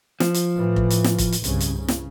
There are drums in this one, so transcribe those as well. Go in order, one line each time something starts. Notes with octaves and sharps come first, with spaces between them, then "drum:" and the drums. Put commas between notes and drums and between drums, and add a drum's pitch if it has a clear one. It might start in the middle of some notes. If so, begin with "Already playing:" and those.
F3, drum: snare
drum: hi-hat
A2 E3
drum: kick F1
drum: hi-hat
drum: snare
drum: kick F1, hi-hat
drum: hi-hat
C2 G2 C#3, drum: hi-hat
drum: hi-hat
C#3
drum: snare